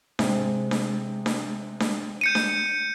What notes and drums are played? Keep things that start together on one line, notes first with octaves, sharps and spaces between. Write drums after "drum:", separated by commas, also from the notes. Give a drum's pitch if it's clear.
C3 G#3 C4, drum: snare D4
drum: snare D4
drum: snare D4
drum: snare D4
G6 C#7 D#7
drum: snare D4